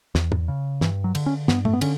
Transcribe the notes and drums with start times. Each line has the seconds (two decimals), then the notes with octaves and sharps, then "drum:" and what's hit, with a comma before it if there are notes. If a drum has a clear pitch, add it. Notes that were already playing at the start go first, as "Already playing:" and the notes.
0.15 E2, drum: snare
0.32 drum: tom
0.48 C#3
0.81 G2 E3, drum: snare
1.04 F#3
1.15 D3, drum: cymbal
1.26 C#4
1.48 G2 B3, drum: snare
1.65 A3, drum: tom
1.73 B3
1.81 D3 C#4, drum: cymbal